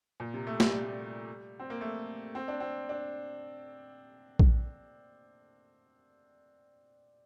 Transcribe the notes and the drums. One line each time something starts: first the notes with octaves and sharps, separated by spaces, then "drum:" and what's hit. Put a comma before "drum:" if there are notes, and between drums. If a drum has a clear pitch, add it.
A#2
C3
A3
G3, drum: snare
G3
C4
A#3
A3
C4
D4
C4
D4
drum: kick A#1